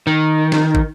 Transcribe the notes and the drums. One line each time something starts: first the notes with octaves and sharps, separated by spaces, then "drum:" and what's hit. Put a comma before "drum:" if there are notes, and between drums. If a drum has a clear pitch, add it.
D#3
drum: snare
drum: kick